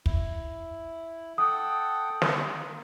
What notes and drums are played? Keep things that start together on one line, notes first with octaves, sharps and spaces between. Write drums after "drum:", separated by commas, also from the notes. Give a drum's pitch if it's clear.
E4, drum: kick
A4 F#5 G5 D#6
drum: snare
A#3